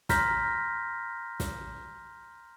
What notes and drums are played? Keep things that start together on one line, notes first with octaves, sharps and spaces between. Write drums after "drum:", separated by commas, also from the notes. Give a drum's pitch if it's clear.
A#5 C6 F6 G6 A#6 B6, drum: snare
drum: snare